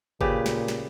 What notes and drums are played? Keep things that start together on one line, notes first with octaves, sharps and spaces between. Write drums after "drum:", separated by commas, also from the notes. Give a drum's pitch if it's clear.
A#2 C#3 G4 B4, drum: kick G1
drum: snare
drum: snare